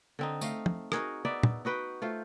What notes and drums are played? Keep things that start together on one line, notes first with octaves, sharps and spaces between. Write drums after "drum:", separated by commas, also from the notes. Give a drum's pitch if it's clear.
D3 C4 D#4
A3 D#5 F5, drum: tambourine
drum: tom
D#4 F#4 G#4 A#4, drum: rim click
B3 D#4 D5 E5
drum: tom
D#4 F#4 B4 G5
A3 F4 C5